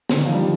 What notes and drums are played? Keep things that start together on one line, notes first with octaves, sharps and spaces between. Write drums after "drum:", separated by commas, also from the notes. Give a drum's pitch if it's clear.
D3, drum: snare
D#3
F3
G3